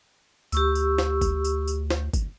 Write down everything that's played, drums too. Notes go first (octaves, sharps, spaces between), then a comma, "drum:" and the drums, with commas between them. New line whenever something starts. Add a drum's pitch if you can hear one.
D2 G4 C#6 E6, drum: tambourine
drum: tambourine
drum: snare
drum: kick, tambourine
drum: tambourine
drum: tambourine
drum: snare
drum: kick, tambourine